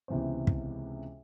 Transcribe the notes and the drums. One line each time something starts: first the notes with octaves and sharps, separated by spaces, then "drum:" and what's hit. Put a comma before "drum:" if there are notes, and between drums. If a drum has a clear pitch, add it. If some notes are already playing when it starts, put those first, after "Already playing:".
C#2 C3 E3 B3 C5
drum: kick